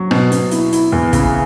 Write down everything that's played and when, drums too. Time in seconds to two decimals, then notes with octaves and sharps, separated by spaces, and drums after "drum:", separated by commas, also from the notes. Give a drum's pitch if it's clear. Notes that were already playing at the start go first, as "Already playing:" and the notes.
Already playing: F#3
0.11 B2, drum: rim click
0.32 B2, drum: hi-hat
0.51 E4, drum: hi-hat
0.72 E4, drum: hi-hat
0.92 E2
1.13 C#3, drum: kick, hi-hat